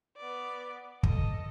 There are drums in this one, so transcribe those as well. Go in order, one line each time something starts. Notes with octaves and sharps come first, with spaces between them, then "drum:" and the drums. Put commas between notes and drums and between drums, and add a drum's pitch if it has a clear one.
B3 D5
A4 D#5, drum: kick